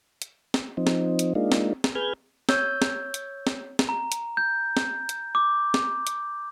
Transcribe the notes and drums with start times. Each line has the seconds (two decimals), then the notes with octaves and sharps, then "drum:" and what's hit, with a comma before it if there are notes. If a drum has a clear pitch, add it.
0.22 drum: hi-hat
0.54 drum: snare
0.77 F3 C4 D#4
0.87 drum: snare
1.19 drum: hi-hat
1.35 G#3 A#3 D4 D#4 F4
1.52 drum: snare
1.84 drum: snare
1.95 G#4 B4 F6 G6 G#6
2.49 C#5 E6 G6, drum: snare
2.82 drum: snare
3.14 drum: hi-hat
3.47 drum: snare
3.79 drum: snare
3.89 A#5
4.12 drum: hi-hat
4.37 G6
4.77 drum: snare
5.09 drum: hi-hat
5.35 D6
5.74 drum: snare
6.07 drum: hi-hat